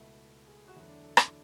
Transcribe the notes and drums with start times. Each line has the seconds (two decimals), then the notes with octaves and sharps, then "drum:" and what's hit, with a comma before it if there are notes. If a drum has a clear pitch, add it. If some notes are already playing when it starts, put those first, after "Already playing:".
Already playing: C#2 B2 A3 E4
0.47 G#4
0.68 F#4
0.75 E2 D3 F#3 A3 E4
0.89 D4
1.03 A4
1.17 E4, drum: rim click